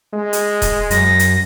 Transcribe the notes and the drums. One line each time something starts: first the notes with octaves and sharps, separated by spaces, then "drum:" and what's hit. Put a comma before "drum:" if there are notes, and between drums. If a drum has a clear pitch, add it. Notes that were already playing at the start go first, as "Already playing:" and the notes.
G#3
drum: hi-hat
drum: kick D#1, hi-hat
F#2 A#6, drum: hi-hat
drum: hi-hat